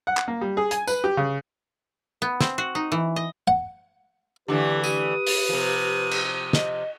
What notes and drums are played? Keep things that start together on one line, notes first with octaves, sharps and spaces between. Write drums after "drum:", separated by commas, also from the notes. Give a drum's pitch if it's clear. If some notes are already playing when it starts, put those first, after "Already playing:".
F#5
drum: clap
A#3
G3
G#4
G#5, drum: hi-hat
B4, drum: tambourine
G4
C#3
B3
C4, drum: snare
F#4
D#4
E3
D#5
F#5
D3 E3 A3 G4 B4
G4 D#6, drum: tambourine
drum: open hi-hat
C3 F3
drum: cymbal
D#5, drum: snare